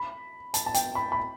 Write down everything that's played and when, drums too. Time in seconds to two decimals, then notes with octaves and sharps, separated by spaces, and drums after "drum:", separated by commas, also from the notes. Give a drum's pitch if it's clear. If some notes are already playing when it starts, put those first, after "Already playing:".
Already playing: B5
0.54 A5, drum: hi-hat
0.66 A5
0.74 G5, drum: hi-hat
0.95 B5
1.12 B5